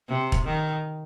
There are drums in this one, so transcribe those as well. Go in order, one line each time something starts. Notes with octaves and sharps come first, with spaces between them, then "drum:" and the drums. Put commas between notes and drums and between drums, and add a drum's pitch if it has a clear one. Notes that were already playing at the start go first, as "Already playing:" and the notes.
C3
drum: kick
D#3